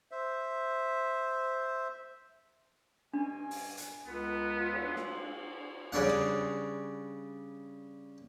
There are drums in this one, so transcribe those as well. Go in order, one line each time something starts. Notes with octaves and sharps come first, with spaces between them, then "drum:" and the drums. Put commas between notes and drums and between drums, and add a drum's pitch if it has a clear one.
C5 E5
G2 B2 D4 G#5
drum: open hi-hat
drum: hi-hat
C#2 B3 F4 A4 A#4
F#3 C4 F4
drum: cymbal
drum: snare
C#3 G3 D4 F#5
drum: rim click